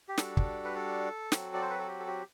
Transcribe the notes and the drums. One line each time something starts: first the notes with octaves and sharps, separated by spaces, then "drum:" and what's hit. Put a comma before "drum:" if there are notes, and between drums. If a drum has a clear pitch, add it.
G4
G3 D4 F#4 A4, drum: snare
drum: kick
B4
A4
F#3 C4 F#4, drum: snare
D5
C5
B4
A4
G4
A4
G4